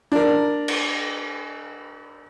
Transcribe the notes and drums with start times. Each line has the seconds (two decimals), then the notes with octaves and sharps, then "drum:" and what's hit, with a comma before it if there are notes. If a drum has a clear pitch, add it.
0.12 D4 A#4
0.68 drum: cymbal